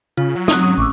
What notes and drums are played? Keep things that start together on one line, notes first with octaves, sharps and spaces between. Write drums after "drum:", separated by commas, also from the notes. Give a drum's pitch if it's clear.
C#3 F4
F#3
C4 D#6 F#6, drum: snare
G#2 C#4 D#6
A1 C#6 D6 E6